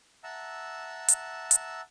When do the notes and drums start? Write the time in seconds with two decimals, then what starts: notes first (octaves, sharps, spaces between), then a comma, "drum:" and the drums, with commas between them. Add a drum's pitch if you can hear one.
0.24 E5 F#5 A5 A#5 E6
1.08 drum: hi-hat
1.51 drum: hi-hat